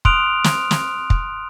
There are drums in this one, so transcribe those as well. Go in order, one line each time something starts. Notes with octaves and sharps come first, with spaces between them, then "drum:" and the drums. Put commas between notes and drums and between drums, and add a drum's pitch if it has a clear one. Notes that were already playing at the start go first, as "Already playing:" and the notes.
C6 D#6 F6 F#6 D7 F7, drum: kick
drum: snare
drum: snare
drum: kick